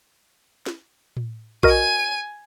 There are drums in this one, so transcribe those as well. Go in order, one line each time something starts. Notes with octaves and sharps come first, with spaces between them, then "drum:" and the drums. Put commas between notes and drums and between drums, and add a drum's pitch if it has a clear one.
drum: snare
drum: tom A2
F#4 A#4 D#5 G#5 D#7, drum: kick A#1